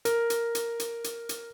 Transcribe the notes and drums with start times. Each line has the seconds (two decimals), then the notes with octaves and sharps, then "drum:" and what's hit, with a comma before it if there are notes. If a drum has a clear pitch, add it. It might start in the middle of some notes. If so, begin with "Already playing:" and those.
0.05 A#4, drum: hi-hat
0.30 drum: hi-hat
0.55 drum: hi-hat
0.80 drum: hi-hat
1.04 drum: hi-hat
1.29 drum: hi-hat